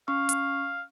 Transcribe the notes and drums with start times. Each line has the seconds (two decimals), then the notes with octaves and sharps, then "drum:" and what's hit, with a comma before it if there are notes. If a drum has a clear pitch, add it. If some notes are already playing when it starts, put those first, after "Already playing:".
0.08 C#4 F5 C#6
0.29 drum: hi-hat